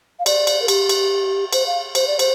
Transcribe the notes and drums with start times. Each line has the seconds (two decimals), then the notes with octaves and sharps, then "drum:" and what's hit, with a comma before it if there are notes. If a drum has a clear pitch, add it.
0.19 F5
0.26 D5, drum: cymbal
0.47 drum: cymbal
0.62 A#4
0.68 G4, drum: cymbal
0.89 drum: cymbal
1.53 C5, drum: cymbal
1.67 F5
1.95 C5, drum: cymbal
2.07 D5
2.19 C5, drum: cymbal